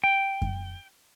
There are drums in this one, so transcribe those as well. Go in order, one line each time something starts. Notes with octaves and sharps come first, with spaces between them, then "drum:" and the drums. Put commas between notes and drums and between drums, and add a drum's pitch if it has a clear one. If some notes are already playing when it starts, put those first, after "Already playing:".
G5
drum: kick F#2